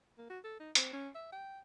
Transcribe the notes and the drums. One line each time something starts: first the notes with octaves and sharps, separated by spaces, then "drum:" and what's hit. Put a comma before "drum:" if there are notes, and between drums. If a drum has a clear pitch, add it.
A#3
F#4
A4
D#4
C4, drum: hi-hat
C#4
E5
G5